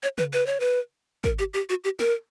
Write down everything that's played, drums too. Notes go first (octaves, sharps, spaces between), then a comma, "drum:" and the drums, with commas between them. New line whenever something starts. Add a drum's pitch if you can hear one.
C#5
B4, drum: tom C#3
B4
C#5
B4
A#4, drum: kick
G4
G4
F#4
G4
A#4, drum: snare